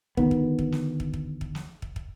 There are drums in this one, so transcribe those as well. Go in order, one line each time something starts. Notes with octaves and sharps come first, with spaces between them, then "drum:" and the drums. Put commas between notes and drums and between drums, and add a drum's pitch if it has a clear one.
D2 D#3 B3, drum: kick
drum: kick
drum: kick
drum: snare
drum: kick
drum: kick
drum: kick
drum: snare
drum: kick
drum: kick